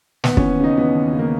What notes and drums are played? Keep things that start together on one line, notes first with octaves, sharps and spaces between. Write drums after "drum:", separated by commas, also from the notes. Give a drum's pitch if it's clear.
D#2 B3, drum: snare
E3 C#4, drum: kick
C#3 D#4
E3 B3
D#2
C#3
A#3